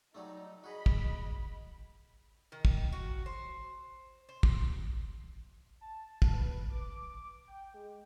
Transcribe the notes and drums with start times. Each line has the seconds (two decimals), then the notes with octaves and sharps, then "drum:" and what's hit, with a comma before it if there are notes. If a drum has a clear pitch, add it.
0.14 F#3 G3 A3 D#4
0.64 F#4 G#4 D#5 B5
0.86 drum: kick
2.52 D#3
2.65 drum: kick
2.93 F#4
3.26 C5
4.29 C5
4.43 drum: kick
5.81 A5
6.22 drum: kick
6.34 B4
6.70 D6
7.48 G5
7.74 G#3